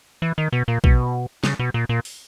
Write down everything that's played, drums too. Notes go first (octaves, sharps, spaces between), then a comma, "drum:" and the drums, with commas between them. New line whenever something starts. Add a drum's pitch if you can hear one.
E3
D#3
B2
A#2
B2, drum: kick A#1
C#3, drum: snare
B2
A#2
A#2
drum: open hi-hat